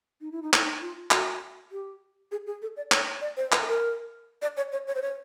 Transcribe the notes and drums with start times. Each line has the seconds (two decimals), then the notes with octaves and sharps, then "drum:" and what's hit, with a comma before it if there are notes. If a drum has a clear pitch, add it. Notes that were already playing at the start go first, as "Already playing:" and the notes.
0.21 D#4
0.32 E4
0.42 D#4
0.53 E4, drum: clap
0.64 D#4
0.81 F4
1.11 F#4, drum: clap
1.72 G4
2.32 G#4
2.47 G#4
2.62 A4
2.77 D5
2.92 C#5, drum: clap
3.21 D5
3.37 C5
3.52 B4, drum: clap
3.62 A4
3.67 A#4
4.42 D5
4.57 C#5
4.72 C#5
4.87 C#5
4.95 C5
5.02 C#5